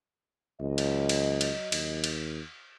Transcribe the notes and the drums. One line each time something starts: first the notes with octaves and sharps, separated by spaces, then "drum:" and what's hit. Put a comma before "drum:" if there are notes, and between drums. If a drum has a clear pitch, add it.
C#2 F#3 D#5
drum: cymbal
drum: cymbal
drum: cymbal
D#2, drum: cymbal
drum: cymbal